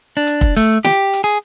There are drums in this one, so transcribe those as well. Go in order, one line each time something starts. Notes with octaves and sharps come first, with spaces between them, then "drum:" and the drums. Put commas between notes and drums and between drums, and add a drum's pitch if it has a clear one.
D4
drum: hi-hat
drum: kick
A3, drum: hi-hat
G4, drum: snare
drum: hi-hat
G#4